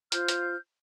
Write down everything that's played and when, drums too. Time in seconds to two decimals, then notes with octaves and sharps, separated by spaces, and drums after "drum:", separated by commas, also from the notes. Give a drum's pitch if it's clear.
0.12 F4 C5 F6 G6, drum: hi-hat
0.28 drum: hi-hat